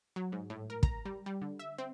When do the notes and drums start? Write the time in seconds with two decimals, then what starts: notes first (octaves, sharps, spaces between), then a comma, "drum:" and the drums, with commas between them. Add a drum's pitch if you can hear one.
0.16 F#3
0.32 G#2
0.50 A2
0.70 A#4
0.83 A#5, drum: kick
1.05 G3
1.26 G3
1.42 D3
1.59 E5
1.78 C4